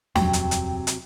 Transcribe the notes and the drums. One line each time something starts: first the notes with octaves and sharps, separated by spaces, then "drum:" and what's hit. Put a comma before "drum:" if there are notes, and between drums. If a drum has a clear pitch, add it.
D#1 F2 C3 F#3 C4 G5, drum: snare
drum: hi-hat
drum: hi-hat
drum: hi-hat